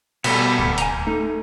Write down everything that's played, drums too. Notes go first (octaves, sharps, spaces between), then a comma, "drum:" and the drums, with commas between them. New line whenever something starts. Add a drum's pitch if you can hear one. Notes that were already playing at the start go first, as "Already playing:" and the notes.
B2 G3 A3 B3, drum: cymbal
D1
G#5 A#5, drum: hi-hat
A3 D#4